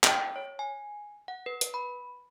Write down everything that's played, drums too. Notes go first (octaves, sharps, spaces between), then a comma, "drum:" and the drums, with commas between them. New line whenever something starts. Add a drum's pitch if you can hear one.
G5, drum: clap
C#5
G#5
F#5
B4
B4, drum: hi-hat
B5